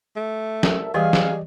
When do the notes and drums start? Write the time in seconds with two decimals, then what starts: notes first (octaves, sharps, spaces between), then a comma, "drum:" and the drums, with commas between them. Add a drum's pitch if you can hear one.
0.16 A3
0.63 C2 A4 A#4 E5, drum: snare
0.94 E3 G3 G4 G#4 D5 D#5 F5
1.13 drum: snare